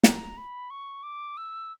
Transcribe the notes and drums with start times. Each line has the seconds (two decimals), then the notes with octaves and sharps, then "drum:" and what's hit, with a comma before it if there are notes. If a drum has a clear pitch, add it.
0.04 A#5, drum: snare
0.37 B5
0.70 C#6
1.03 D6
1.37 E6